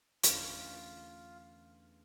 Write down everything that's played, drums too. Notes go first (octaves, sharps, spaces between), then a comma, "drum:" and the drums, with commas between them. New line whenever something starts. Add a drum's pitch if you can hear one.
E2 D3 A3 C#4 F4, drum: hi-hat